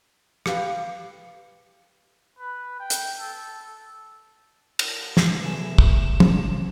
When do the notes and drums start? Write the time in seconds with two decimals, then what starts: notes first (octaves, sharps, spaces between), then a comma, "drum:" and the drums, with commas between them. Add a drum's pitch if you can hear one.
0.46 G4 B4 F5, drum: rim click
2.39 B4
2.80 G5
2.90 drum: hi-hat
3.18 A4
4.79 drum: cymbal
5.17 drum: snare
5.43 A1 E2 C3 F#3 A3 G#5 E7
5.78 drum: kick
6.20 drum: tom